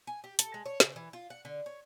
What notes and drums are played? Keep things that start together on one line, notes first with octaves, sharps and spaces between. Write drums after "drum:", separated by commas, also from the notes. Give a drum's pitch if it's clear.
G#5
G4
A4, drum: hi-hat
G#3
C#5
C#3, drum: snare
E3
F4
F#5
D3
C#5